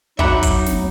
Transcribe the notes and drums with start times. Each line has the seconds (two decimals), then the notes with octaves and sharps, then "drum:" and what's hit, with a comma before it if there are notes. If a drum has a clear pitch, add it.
0.19 F#3 D#4 F#4 E5 F#5 B5 D6, drum: kick
0.43 drum: kick, hi-hat
0.66 drum: snare